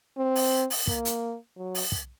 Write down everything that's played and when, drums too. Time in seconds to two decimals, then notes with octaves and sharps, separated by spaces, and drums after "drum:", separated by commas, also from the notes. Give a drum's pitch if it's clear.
0.18 C4
0.35 drum: open hi-hat
0.70 drum: open hi-hat
0.87 A#3, drum: kick
1.05 drum: hi-hat
1.58 F#3
1.75 drum: open hi-hat
1.92 drum: kick